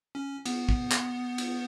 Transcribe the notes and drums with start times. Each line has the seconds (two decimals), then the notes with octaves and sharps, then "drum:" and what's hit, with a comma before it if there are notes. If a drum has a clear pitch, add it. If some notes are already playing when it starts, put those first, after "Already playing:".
0.15 C#4
0.46 B3, drum: cymbal
0.69 drum: kick
0.92 drum: clap
1.38 drum: cymbal